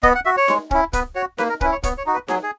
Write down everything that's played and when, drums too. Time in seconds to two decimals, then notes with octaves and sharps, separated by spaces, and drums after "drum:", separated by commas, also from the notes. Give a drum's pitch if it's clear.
0.03 B3 D#5, drum: kick
0.15 F#5
0.25 F#4 E5
0.37 C#5
0.48 G#3, drum: snare D#4
0.71 C#4 E4, drum: kick
0.93 B3 B4, drum: kick, hi-hat
1.15 F#4 C#5
1.38 A#3 B4, drum: snare D#4
1.49 A#4
1.61 C#4 E4 B4, drum: kick
1.72 C#5
1.83 B3 C#5, drum: kick, hi-hat
1.98 C#5
2.06 D#4 F#4
2.14 B4
2.28 F#3 G#4, drum: snare D#4
2.43 G#4